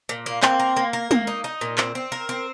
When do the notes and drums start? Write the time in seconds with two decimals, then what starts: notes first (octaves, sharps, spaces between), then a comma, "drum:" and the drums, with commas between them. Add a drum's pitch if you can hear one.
0.09 A#2
0.26 A#3
0.43 A#3 C4, drum: clap
0.60 A#4
0.77 A#3
0.93 A#4
1.11 A#3, drum: tom
1.27 D#4
1.44 D#4
1.61 A#2
1.78 C4, drum: clap
1.95 C4
2.12 A#4
2.29 C4